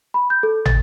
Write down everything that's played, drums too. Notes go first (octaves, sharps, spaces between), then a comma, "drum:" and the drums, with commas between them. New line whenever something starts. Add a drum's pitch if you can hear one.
B5
G6
A4
A6, drum: tom